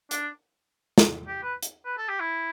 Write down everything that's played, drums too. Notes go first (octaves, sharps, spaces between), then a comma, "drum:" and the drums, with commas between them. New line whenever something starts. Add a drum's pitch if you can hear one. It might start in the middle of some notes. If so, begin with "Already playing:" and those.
D4, drum: hi-hat
drum: snare
G4
B4
drum: hi-hat
B4
A4
G4
E4